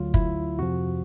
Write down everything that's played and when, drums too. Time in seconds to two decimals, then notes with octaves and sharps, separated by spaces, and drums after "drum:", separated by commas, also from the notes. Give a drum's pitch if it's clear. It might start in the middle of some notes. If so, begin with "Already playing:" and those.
Already playing: D2 D3 F#3 F4
0.14 E4, drum: kick
0.59 F2 C3 F3 F#4